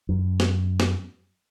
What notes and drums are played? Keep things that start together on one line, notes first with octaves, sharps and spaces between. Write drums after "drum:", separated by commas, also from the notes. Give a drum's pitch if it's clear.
F#2
drum: snare
drum: snare